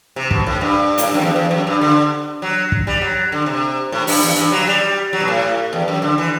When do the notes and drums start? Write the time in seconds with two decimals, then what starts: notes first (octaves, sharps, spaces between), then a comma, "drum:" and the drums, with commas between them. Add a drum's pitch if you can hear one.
0.16 C3
0.31 B2, drum: kick
0.46 A2
0.61 G2
0.98 A2, drum: hi-hat
1.06 G2
1.14 F#2
1.21 E2
1.36 E2
1.51 F#2
1.67 G2
1.81 D3
2.42 F#3
2.72 drum: kick
2.87 G3
3.02 F#3
3.32 D3
3.46 C3
3.92 A2
4.07 G2, drum: open hi-hat
4.22 E2
4.37 G2
4.52 F#3
4.67 G3
5.13 F#3
5.20 B2
5.28 A2
5.73 E2
5.88 F#2
6.02 D3
6.18 E3